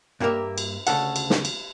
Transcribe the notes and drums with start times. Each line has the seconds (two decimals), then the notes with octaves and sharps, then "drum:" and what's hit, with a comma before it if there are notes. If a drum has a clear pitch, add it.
0.20 G2 A#3 G4 A4 A#4 E5
0.58 drum: cymbal
0.87 D2 C#3 A4 F#5, drum: cymbal
1.16 drum: cymbal
1.30 drum: snare
1.45 drum: cymbal